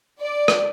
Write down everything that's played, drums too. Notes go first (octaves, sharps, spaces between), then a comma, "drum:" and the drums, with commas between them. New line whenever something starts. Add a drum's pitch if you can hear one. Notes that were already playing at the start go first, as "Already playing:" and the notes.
D5
drum: rim click